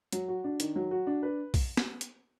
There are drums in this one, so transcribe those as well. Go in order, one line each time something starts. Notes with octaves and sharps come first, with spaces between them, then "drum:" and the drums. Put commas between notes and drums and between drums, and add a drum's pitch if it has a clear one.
F#3, drum: hi-hat
F#4
D4
D#3, drum: hi-hat
F#3
F#4
D4
B4
drum: kick, open hi-hat
drum: snare
drum: hi-hat